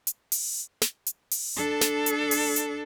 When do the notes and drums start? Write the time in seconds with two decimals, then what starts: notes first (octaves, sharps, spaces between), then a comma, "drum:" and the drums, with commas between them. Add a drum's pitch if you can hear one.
0.07 drum: hi-hat
0.32 drum: open hi-hat
0.82 drum: snare
1.06 drum: hi-hat
1.31 drum: open hi-hat
1.56 D4 A4
1.81 drum: snare
2.06 drum: hi-hat
2.31 drum: open hi-hat
2.56 drum: hi-hat